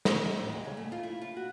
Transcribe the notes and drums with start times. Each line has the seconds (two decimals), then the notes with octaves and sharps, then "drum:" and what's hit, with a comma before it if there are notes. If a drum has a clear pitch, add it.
0.05 drum: snare
0.25 D#5
0.37 A2
0.52 D2
0.65 C#3
0.77 A3
0.92 F4
1.03 E4
1.21 F4
1.37 F#4